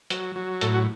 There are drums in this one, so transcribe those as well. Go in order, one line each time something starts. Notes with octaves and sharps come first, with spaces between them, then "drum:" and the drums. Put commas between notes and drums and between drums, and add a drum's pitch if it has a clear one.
F#3, drum: hi-hat
F#3
A2 A4, drum: hi-hat
F#4